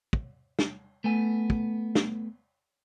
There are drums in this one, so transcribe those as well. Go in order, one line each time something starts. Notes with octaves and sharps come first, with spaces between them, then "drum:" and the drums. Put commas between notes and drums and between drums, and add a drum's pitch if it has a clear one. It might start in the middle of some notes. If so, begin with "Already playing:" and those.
drum: kick
drum: snare
A3 B3 G#5
drum: kick
drum: snare